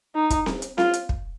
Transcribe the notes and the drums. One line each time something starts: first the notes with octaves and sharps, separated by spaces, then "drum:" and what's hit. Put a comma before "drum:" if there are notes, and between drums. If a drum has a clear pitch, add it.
D#4
drum: kick, hi-hat
drum: snare C4
drum: hi-hat
F4, drum: snare C4
drum: hi-hat
drum: kick